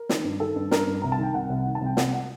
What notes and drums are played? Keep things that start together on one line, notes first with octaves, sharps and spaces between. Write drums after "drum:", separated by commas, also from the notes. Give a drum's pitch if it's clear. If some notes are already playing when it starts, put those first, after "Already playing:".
Already playing: A#4
D#3, drum: snare
G2
D#3 A4
G2
G2 A#4, drum: snare
G2
C2 A#5
A5
D#3 G5
C2 F#5
C2
D#3
A5
C2 G5
C2 F#5, drum: snare
F#5